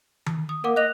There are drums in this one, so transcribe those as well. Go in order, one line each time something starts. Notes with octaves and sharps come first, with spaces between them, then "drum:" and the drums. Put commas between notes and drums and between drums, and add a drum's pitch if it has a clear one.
drum: tom D#3
D#6
A#3 A#4 F#5 D6
D#5 F#6 F7